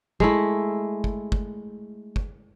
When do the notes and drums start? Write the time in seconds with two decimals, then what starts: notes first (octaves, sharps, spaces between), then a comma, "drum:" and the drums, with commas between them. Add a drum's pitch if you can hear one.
0.20 G#3 A3 E4, drum: kick
1.04 drum: kick
1.32 drum: kick
2.16 drum: kick